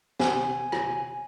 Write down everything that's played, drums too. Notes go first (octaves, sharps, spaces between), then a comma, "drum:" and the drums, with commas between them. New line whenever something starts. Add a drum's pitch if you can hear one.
G#5, drum: snare
drum: rim click